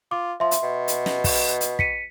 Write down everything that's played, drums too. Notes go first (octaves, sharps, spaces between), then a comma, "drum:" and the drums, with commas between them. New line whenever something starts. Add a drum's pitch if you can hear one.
F4 D6
F3 E5 C6
drum: hi-hat
B2
drum: hi-hat
drum: snare
drum: kick, open hi-hat
drum: hi-hat
B6 C#7 D#7, drum: kick